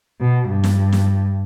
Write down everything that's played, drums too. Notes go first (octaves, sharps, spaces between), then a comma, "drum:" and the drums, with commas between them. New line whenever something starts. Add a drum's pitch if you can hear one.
B2
G2
drum: snare
drum: snare